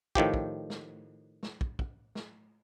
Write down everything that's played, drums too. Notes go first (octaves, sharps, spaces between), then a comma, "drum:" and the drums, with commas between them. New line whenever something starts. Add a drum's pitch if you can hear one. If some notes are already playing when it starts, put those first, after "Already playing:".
A2 D#3 F3 G4, drum: kick
drum: kick
drum: snare
drum: snare
drum: kick
drum: kick
drum: snare